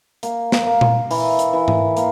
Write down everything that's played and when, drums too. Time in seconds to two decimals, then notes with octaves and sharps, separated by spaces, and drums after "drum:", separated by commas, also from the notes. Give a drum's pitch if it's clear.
0.23 A#3, drum: hi-hat
0.52 drum: snare
0.67 A#3
0.81 drum: tom A#2
1.11 E3, drum: open hi-hat
1.39 drum: hi-hat
1.53 E3
1.68 drum: tom G#2
1.97 A#3, drum: hi-hat